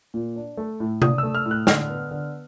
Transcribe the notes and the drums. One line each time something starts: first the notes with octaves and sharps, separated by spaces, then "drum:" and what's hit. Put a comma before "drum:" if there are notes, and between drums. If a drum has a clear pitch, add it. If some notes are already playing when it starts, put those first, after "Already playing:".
A#2
D4
A3
A2
D4 D#6, drum: tom C3
E6
A3
F6
A2
F#6
D3 F6, drum: snare
B3
D3